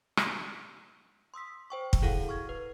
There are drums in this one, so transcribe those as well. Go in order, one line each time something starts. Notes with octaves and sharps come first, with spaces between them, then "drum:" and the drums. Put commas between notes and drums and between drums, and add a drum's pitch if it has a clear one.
drum: rim click
C6 D#6 E6 B6
C5 G5 C#6
drum: kick
E4 F#4 G#4 A4 F5 F#5
C#6 F6 G#6
B4